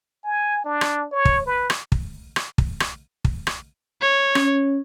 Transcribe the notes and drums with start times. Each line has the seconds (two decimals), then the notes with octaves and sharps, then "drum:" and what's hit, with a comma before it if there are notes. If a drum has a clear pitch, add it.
0.24 G#5
0.65 D4
0.81 drum: rim click
1.12 C#5
1.25 drum: kick
1.46 B4
1.70 drum: rim click
1.92 drum: kick
2.36 drum: rim click
2.58 drum: kick
2.80 drum: rim click
3.25 drum: kick
3.47 drum: rim click
4.01 C#5
4.35 C#4, drum: rim click